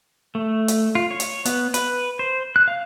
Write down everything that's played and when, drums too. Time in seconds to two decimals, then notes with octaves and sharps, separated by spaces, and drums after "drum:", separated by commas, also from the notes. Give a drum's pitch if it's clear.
0.35 A3
0.68 drum: hi-hat
0.95 F4
1.11 C#5
1.20 drum: hi-hat
1.45 B3, drum: hi-hat
1.74 B4, drum: hi-hat
2.19 C5
2.56 F#6
2.68 F5